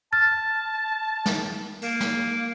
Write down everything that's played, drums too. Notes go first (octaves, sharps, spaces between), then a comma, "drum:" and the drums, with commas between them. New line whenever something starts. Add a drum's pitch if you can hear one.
A5 F6 A6
drum: snare
A#3, drum: cymbal
drum: snare